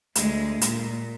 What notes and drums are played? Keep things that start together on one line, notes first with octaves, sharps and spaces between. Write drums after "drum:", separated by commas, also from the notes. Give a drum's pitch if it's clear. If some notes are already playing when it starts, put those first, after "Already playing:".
D2 G#3, drum: hi-hat
A#2, drum: hi-hat